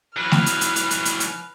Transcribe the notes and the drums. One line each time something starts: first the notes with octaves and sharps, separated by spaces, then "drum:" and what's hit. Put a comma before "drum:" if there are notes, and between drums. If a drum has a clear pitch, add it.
E3 F#3 B4 F6
drum: snare A3
drum: hi-hat
drum: hi-hat
drum: hi-hat
drum: hi-hat
drum: hi-hat
drum: hi-hat